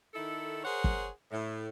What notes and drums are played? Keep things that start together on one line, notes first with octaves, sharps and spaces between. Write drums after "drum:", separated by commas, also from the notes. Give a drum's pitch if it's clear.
D#3 D#4 E4 A4
G#4 A#4 C5 C#5 F#5
drum: kick
A2